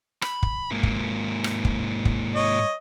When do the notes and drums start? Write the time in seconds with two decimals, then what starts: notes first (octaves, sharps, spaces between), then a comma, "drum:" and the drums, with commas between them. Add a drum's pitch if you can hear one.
0.22 B5, drum: rim click
0.43 drum: kick
0.71 G#2 A#3
0.83 drum: kick
1.44 drum: rim click
1.65 drum: kick
2.05 drum: kick
2.35 C#5 D#5